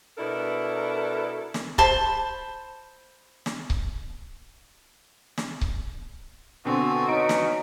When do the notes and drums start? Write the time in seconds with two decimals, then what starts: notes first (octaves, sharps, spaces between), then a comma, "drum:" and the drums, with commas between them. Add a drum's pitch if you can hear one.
0.18 B2 D4 E4 A4 A#4
1.54 drum: snare
1.78 C5 A5 B5, drum: kick C#1
3.46 drum: snare
3.70 drum: kick C#1
5.37 drum: snare
5.61 drum: kick C#1
6.65 B2 D3 C4 F#4 A4 G#5 C6
7.09 C#4 D#4 B4 D#5 D7
7.29 drum: snare